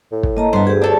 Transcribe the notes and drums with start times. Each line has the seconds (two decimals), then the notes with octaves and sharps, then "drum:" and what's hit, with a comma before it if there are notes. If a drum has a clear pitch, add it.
0.12 A2
0.23 drum: kick
0.37 A#3 D#5 A5 A#5
0.53 G2 B3 C5
0.67 D2 G4 G#4
0.82 D4 A4 C#5